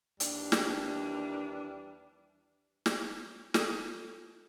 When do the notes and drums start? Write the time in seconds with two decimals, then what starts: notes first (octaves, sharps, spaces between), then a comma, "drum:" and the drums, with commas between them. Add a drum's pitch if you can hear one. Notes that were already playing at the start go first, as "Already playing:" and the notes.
0.20 D#2 E3 G3 D4, drum: hi-hat
0.52 drum: snare
2.86 drum: snare
3.54 F4 A4, drum: snare